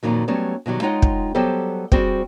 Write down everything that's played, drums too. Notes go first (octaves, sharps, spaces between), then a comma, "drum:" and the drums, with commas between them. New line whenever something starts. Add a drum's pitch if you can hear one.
F2 A#2 D#3 F#3
F#3 G3 A3 B3 C#4
B2 D#3 F#3 G3
G#3 D#4 F4 C#5 F#5 G5
drum: kick
F#3 G3 B3 G4 A4 C5
G3 C4 F#4 G#4 C5 G5, drum: kick